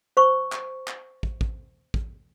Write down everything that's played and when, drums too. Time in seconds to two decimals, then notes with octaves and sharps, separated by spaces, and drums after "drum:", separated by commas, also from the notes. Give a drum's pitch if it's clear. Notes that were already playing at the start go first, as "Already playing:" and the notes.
0.17 C5 C#6
0.52 drum: clap
0.88 drum: clap
1.23 drum: kick
1.41 drum: kick
1.94 drum: kick